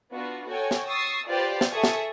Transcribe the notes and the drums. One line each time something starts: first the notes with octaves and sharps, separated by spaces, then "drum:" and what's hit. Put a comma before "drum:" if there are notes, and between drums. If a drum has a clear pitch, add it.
B3 D4 F4 F#4
F#4 A4 C#5 G5 G#5
drum: snare
C#6 D#6 E6 A6 C7
F4 G4 B4 C5 D5
drum: snare
G#4 A4 E5 C#6 D#6
drum: snare